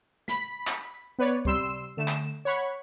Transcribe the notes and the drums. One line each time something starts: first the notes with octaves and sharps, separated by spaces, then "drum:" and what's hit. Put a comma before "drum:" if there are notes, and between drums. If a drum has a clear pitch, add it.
B5 B6, drum: snare
drum: clap
B3 B4 C#5 D5
C3 G3 C6 E6 E7, drum: kick C#2
D3 A3 E7
drum: clap
C#5 F#5 B5 C#6